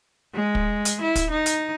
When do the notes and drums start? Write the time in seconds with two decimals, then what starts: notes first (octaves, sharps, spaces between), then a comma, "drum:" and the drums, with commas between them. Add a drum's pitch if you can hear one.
0.35 G#3
0.55 drum: kick
0.85 drum: hi-hat
1.02 E4
1.15 drum: kick, hi-hat
1.31 D#4
1.46 drum: hi-hat